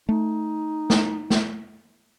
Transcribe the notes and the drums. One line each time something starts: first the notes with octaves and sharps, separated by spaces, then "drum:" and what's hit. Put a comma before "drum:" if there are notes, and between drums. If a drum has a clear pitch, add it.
A3 D#4
drum: snare
drum: snare